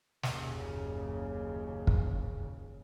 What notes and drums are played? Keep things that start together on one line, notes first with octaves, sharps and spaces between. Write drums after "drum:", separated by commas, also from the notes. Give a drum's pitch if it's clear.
F#1 D#2 A#2 C#3, drum: snare
drum: kick